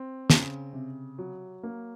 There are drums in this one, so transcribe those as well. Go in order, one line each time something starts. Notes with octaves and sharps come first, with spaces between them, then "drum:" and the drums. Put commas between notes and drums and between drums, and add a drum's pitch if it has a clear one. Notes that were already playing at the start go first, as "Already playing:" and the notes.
Already playing: C4
C#3, drum: snare
C3
F#3
A#3